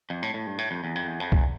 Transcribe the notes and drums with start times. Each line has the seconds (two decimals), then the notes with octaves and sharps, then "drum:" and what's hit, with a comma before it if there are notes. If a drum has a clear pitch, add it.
0.10 F2
0.23 A2
0.34 A2
0.47 G2
0.58 A2
0.71 F2
0.84 E2
0.95 F2
1.07 E2
1.20 F2
1.32 E2, drum: kick B1